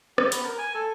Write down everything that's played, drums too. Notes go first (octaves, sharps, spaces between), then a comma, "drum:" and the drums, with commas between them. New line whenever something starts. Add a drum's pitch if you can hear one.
G4, drum: rim click
B3, drum: hi-hat
A#4
G#5
A4